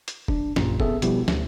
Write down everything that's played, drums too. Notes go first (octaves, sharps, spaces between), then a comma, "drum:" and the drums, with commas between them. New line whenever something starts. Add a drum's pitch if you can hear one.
drum: hi-hat
D4, drum: kick F1
A1 F#2 A#2, drum: snare
B3 G#4 A4 E5, drum: kick F1
B2 F3 G3 B3 E4 G4, drum: hi-hat
D2, drum: snare